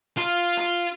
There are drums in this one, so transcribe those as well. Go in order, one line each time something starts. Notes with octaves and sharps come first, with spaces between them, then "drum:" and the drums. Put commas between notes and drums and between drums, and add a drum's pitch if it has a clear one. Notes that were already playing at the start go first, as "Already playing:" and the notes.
F4, drum: hi-hat
drum: hi-hat